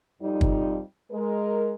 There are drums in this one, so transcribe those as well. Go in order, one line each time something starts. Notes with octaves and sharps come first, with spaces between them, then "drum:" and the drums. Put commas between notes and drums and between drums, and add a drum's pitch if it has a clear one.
F2 G3 D#4
drum: kick
G#3 A#4